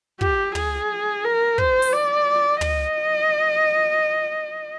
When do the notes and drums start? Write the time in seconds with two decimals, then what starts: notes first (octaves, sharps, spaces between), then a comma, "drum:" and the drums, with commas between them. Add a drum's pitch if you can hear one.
0.21 G4, drum: kick
0.55 G#4, drum: tom
1.24 A#4
1.58 C5, drum: kick
1.82 drum: open hi-hat
1.92 D5
2.61 D#5, drum: tom